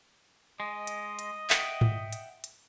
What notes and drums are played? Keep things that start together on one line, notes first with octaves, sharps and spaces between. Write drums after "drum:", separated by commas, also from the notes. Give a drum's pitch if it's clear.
G#3 D#5
drum: hi-hat
drum: hi-hat
E5 F#5 G5, drum: clap
drum: tom G#2
drum: hi-hat
drum: hi-hat